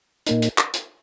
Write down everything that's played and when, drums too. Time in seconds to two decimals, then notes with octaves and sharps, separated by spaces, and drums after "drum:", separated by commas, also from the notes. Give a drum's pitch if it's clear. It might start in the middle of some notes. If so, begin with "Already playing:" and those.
0.27 A#2 A#3 D#4, drum: hi-hat
0.42 drum: hi-hat
0.58 drum: clap
0.74 drum: hi-hat